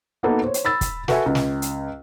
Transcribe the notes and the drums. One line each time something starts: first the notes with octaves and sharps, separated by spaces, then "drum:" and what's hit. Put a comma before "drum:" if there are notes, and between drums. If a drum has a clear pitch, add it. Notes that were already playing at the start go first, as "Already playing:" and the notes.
A#3 B3 D#4 F#4 A4 B4
C5 C#5
drum: hi-hat
B5 E6 A6
drum: kick, hi-hat
F#4 A4 B4 E5 G#5, drum: snare
C#2
drum: snare
drum: hi-hat